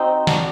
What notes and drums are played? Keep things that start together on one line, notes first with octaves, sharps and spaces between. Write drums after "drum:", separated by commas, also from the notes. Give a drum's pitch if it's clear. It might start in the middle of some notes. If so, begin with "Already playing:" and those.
Already playing: C4 D#4 F#4
D4 F#4, drum: snare